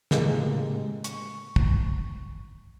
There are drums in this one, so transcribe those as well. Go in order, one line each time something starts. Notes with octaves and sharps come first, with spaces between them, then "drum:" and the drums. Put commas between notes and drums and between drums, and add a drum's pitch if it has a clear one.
A2 C#3 G#3 A#3 G4, drum: snare
C#6, drum: hi-hat
drum: kick